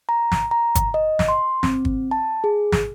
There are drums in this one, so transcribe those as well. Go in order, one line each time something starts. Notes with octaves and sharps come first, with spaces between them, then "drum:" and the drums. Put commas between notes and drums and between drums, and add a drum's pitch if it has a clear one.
A#5
drum: snare
A#5
drum: kick, hi-hat
D#5
drum: snare
C6
C4, drum: snare
drum: kick
A5
G#4
drum: snare